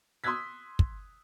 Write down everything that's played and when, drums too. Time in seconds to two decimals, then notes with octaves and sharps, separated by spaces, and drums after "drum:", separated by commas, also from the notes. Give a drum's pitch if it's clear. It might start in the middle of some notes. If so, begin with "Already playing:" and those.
0.24 C6 D#6 E6 F#6 G#6 B6
0.79 drum: kick